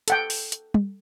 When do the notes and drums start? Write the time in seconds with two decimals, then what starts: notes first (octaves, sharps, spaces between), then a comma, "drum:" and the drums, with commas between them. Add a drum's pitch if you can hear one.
0.08 A4 F#5 G5, drum: hi-hat
0.30 drum: open hi-hat
0.52 drum: hi-hat
0.74 drum: tom G3